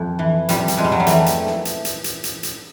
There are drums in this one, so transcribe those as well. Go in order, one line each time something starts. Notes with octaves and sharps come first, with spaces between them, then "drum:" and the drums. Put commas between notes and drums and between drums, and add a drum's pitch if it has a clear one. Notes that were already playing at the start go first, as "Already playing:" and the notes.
Already playing: F2
E3
F2 G3, drum: hi-hat
drum: hi-hat
F2 G#3
G3
F#3
G3
E3 A3, drum: hi-hat
drum: hi-hat
drum: snare
drum: hi-hat
drum: hi-hat
drum: hi-hat
drum: hi-hat
drum: hi-hat